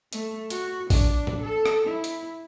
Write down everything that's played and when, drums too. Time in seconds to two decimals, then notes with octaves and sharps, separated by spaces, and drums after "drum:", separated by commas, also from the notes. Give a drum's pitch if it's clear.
0.13 A3, drum: hi-hat
0.50 F#4, drum: hi-hat
0.90 D4, drum: kick A#1, open hi-hat
1.27 drum: tom
1.42 A4
1.66 drum: rim click
1.87 E4
2.04 drum: hi-hat